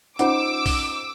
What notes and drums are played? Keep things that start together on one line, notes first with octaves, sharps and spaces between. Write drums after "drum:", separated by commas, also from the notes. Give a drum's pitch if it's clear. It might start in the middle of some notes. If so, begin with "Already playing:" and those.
C#4 D#4 F4 C5 F#5 D6 E6, drum: hi-hat
drum: kick, open hi-hat